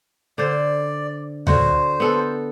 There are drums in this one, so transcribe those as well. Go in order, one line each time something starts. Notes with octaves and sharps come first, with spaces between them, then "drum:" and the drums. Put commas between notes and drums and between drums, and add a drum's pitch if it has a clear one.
D3 C5 D5
D3 F#4 C5, drum: tom D2
B3 A4